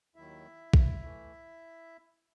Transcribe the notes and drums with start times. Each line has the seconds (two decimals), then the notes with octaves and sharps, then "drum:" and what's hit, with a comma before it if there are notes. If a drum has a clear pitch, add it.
0.16 D#2 D#3 F#3 E4 E5
0.74 drum: kick A#1
1.02 E3 A3